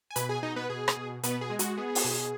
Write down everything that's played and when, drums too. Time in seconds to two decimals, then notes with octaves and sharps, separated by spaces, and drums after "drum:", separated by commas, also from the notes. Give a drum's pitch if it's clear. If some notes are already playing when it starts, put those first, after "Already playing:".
0.11 G#5
0.16 B2 B4 B5, drum: hi-hat
0.29 G#4 G#5
0.43 B2 D#4 D#5
0.56 B3 B4
0.70 B2 G#4
0.88 drum: rim click
0.97 B2
1.23 B2 B3 B4, drum: hi-hat
1.41 G#4
1.50 G#3
1.59 F#4, drum: hi-hat
1.78 B3 G#4
1.95 drum: open hi-hat
2.05 B2